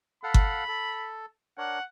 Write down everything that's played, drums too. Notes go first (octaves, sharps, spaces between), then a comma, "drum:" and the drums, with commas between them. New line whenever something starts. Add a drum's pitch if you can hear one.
A4 F5 F#5 B5
drum: kick G1
A4
D4 A#4 C#5 F#5